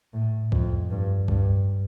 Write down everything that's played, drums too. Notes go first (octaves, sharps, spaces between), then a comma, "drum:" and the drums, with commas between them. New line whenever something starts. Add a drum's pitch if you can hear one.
A2
F2, drum: kick
G2
G2, drum: kick